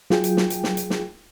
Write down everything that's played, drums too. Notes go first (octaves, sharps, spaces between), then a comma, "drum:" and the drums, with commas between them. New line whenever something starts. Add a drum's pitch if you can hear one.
F#3 F4 G#4 G5, drum: snare
drum: hi-hat
drum: snare
drum: hi-hat
drum: snare
drum: hi-hat
drum: snare